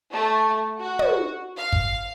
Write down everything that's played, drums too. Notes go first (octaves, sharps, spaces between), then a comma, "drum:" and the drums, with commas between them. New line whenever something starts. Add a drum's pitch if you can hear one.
A3
F#4
drum: tom
F5
drum: kick